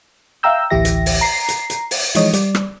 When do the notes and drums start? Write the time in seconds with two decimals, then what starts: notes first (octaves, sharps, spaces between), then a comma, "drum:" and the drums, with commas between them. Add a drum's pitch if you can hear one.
0.43 E5 F5 G5 A#5 E6 G6
0.70 A1 D2 E3 G4 E5 A#6
0.85 drum: hi-hat
1.06 drum: open hi-hat
1.21 A#5 C7
1.48 drum: hi-hat
1.70 drum: hi-hat
1.91 drum: open hi-hat
2.15 E3 F3 G#3 D#4 C#5 D#5, drum: hi-hat
2.33 G3 D5, drum: hi-hat
2.55 drum: rim click